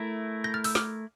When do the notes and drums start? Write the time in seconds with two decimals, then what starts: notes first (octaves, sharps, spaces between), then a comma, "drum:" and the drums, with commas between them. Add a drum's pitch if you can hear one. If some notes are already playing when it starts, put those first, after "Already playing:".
Already playing: A3 E4 A#4
0.44 G6 A#6
0.54 F6 A6
0.64 E6 G6, drum: open hi-hat
0.75 D6 F6, drum: snare